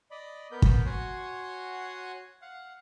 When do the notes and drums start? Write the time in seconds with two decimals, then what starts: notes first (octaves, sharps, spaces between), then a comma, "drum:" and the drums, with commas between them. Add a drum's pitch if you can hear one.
0.11 D5 D#5 B5
0.52 B3 A#4 B4 G6
0.62 drum: kick
0.85 F#4 C#5 F#5 G#5 C6
2.42 F5 F#5